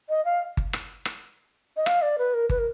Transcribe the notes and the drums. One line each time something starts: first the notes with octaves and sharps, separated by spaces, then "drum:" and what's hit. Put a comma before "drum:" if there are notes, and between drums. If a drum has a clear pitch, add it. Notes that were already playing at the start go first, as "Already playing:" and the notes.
D#5
F5
drum: kick G1
drum: rim click
drum: rim click
D#5
F5, drum: rim click
D5
B4
A#4
B4, drum: kick G1
A#4